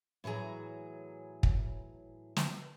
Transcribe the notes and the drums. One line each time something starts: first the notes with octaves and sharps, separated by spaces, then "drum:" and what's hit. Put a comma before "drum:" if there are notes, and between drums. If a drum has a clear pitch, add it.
A2 E3 F#3 G#4 A#5
drum: kick
drum: snare